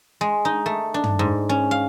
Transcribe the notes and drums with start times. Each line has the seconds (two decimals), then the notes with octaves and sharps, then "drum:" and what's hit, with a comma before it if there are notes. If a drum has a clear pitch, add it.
0.21 G#3
0.45 D#4
0.66 A3
0.94 D4
1.04 drum: tom
1.19 G#2
1.49 C#4
1.71 F5